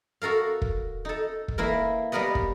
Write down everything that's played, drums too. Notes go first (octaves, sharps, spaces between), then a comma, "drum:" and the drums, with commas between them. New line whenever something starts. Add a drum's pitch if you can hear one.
F#4 A4 A#4 F5
drum: kick
D#4 A4
drum: kick
E3 A#3 E4 A#4
G3 B3 A#4 B4 D#5
drum: kick